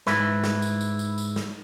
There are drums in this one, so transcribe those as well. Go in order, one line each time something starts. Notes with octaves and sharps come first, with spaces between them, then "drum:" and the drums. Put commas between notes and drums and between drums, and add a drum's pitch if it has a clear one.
G#2 E4 B4, drum: snare
drum: snare
drum: tambourine
drum: tambourine
drum: tambourine
drum: tambourine
drum: snare